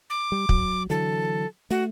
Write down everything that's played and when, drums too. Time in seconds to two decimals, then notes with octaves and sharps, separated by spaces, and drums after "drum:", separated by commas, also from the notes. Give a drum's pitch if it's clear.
0.10 D6
0.32 G3
0.49 F#3, drum: kick
0.90 D3 E3 F#3 A4
1.71 A3 F#4